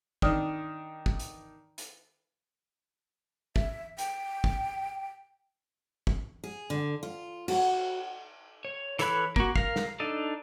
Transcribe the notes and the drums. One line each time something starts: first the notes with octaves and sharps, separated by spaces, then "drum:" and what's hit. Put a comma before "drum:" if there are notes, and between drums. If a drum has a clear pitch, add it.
D#3 D4 D#6 F6, drum: kick
drum: kick
drum: hi-hat
drum: hi-hat
E5, drum: kick
G5, drum: hi-hat
drum: kick
drum: kick
G#4
D3
F4
F#4, drum: cymbal
C#5
E3 A4 C#5 B5 F#6, drum: hi-hat
A#3 F#4, drum: kick
A#4 F5, drum: kick
drum: snare
D4 D#4 A4